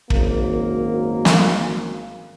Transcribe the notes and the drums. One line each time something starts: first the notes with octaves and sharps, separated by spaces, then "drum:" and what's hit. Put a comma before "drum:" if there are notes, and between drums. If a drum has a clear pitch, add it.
G#1 F#2 A#3, drum: kick
drum: snare